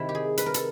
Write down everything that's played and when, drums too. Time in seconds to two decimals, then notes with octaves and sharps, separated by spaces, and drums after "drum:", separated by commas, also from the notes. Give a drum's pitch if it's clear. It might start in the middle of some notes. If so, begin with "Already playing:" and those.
Already playing: C3 D#3 E4
0.09 G4
0.15 G#4
0.38 B4, drum: hi-hat
0.46 A#4
0.54 A4, drum: hi-hat